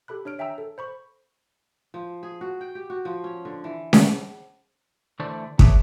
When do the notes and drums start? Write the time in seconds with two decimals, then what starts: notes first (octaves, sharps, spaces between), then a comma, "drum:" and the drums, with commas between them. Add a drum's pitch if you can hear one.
0.08 G4 A4 B5 F#6
0.25 D4 C#5 F6 D7
0.39 C#5 E5 G5 G#5 A#5 E6
0.58 A4
0.78 C5 B5 C#6
1.94 F3
2.23 G#4
2.41 F#4
2.61 G5
2.75 G4
2.90 F#4
3.05 F3
3.24 C#4
3.45 D3
3.64 E3
3.93 A2, drum: snare C#4
5.20 D2 D3 E3 A3 C5 D5
5.59 G#4 B4 C#5 D5 E5 A5, drum: kick